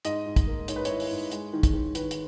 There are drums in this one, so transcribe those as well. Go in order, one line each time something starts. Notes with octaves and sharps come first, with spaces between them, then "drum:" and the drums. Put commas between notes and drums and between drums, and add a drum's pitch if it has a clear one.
G#2 D#5, drum: hi-hat
G#2
drum: kick, hi-hat
A#3
G#2 C#5, drum: hi-hat
B4
E4 C#5, drum: hi-hat
drum: open hi-hat
G#2
G#3, drum: hi-hat
D#3
drum: kick, hi-hat
D#3
D#3 B4, drum: hi-hat
drum: hi-hat